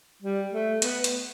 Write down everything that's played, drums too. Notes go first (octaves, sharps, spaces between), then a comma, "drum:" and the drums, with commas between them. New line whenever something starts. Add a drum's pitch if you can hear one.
G3
A3
B3, drum: hi-hat
drum: hi-hat